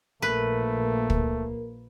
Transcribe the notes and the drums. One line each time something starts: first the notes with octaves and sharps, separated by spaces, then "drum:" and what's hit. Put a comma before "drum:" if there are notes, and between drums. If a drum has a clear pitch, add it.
A#1 A3 A#3 A#4 B4
drum: kick